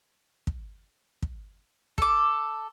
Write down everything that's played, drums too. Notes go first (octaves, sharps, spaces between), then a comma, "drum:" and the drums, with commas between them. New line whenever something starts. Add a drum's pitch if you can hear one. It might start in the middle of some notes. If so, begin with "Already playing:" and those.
drum: kick
drum: kick
A4 D6, drum: kick